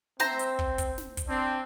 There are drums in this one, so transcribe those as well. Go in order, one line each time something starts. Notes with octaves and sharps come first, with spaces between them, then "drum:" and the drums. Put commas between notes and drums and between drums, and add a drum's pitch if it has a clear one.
C4 C5 E5 A#5, drum: snare
drum: hi-hat
drum: kick
drum: kick, hi-hat
drum: snare
drum: kick, hi-hat
C4 D4